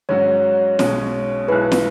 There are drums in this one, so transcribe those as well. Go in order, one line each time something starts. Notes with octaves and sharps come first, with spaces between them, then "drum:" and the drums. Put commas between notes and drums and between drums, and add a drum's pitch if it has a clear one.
G#2 F#3 C#4 F#4 C#5
B1 B2 G#3 C#4, drum: snare
B1 B2 G#3 E4 G#4 B4
drum: snare